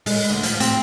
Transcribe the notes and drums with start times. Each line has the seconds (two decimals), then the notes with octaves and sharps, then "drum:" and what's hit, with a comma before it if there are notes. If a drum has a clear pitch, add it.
0.06 G#3, drum: open hi-hat
0.30 D2
0.43 F3, drum: hi-hat
0.60 C4, drum: hi-hat